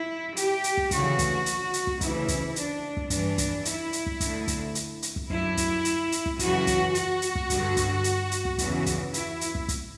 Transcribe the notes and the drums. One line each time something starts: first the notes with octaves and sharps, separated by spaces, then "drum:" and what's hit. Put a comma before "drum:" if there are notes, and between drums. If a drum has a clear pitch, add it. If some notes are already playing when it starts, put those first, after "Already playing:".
Already playing: E4
G4, drum: hi-hat
drum: hi-hat
drum: kick
D2 C#3 E3 F#4, drum: kick, hi-hat
drum: kick, hi-hat
drum: hi-hat
drum: hi-hat
drum: kick
D2 C#3 E3 E4, drum: kick, hi-hat
drum: kick, hi-hat
D4, drum: hi-hat
drum: kick
G2 E3 D4, drum: kick, hi-hat
drum: kick, hi-hat
E4, drum: hi-hat
drum: hi-hat
drum: kick
D2 D3, drum: kick, hi-hat
drum: kick, hi-hat
drum: hi-hat
drum: hi-hat
drum: kick
F#2 D3 E4, drum: kick
drum: kick, hi-hat
drum: hi-hat
drum: hi-hat
drum: kick
F#2 C#3 E3 F#4, drum: kick, hi-hat
drum: kick, hi-hat
F#4, drum: hi-hat
drum: hi-hat
drum: kick
G2 D3, drum: kick, hi-hat
drum: kick, hi-hat
drum: hi-hat
drum: hi-hat
drum: kick
E2 C#3 E3, drum: kick, hi-hat
drum: kick, hi-hat
E4, drum: hi-hat
drum: hi-hat
drum: kick
drum: kick, hi-hat